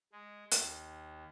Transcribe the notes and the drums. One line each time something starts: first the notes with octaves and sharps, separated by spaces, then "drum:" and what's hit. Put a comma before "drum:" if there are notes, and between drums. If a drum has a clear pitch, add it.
G#3
D#2, drum: hi-hat